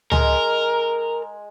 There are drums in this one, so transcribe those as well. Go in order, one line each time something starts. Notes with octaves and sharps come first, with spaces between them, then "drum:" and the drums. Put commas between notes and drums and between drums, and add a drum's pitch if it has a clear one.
G#3 A#4 G#5, drum: tom C#2